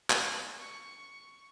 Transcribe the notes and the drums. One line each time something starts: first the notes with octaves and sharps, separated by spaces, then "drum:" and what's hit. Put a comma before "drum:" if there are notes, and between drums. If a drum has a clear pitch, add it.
drum: clap
C#6